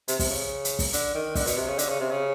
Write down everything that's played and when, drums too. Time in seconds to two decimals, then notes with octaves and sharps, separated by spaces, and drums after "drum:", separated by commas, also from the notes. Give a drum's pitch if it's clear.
0.08 C3, drum: hi-hat
0.19 C3, drum: kick, open hi-hat
0.29 C#3
0.65 drum: hi-hat
0.79 drum: kick, open hi-hat
0.93 D3, drum: hi-hat
1.15 D#3
1.35 D3, drum: kick, open hi-hat
1.47 B2, drum: hi-hat
1.58 C3
1.68 C#3
1.79 D3, drum: hi-hat
1.89 C#3
2.00 C3
2.11 C#3